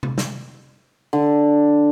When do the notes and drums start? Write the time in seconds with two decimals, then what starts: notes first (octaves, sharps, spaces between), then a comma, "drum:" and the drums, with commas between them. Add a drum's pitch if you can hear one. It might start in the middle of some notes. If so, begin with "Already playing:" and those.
0.03 drum: tom C3
0.18 drum: snare
1.13 D3